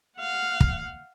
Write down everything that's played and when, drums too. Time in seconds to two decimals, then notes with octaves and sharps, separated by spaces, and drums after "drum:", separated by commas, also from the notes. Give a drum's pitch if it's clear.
0.18 F5 F#5
0.60 drum: kick